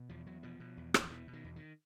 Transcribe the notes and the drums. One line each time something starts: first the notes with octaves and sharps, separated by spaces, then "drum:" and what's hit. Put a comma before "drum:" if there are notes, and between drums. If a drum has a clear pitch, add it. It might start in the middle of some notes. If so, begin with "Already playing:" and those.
Already playing: B2
E2 F3
E2 F#3
B2 F3
B2
E2
E2, drum: rim click
F3
B2 E3
B2
D#3
E2
D#3